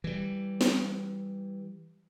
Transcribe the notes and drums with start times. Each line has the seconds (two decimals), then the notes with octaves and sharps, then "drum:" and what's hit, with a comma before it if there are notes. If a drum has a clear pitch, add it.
0.04 E3 G3
0.61 drum: snare